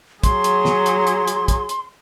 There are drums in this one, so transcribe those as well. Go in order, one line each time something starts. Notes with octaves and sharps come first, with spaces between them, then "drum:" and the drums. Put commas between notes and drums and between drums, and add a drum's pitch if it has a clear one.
F#3 G#4 C6, drum: kick, hi-hat
drum: hi-hat
drum: snare
drum: hi-hat
drum: hi-hat
drum: hi-hat
drum: kick, hi-hat
drum: hi-hat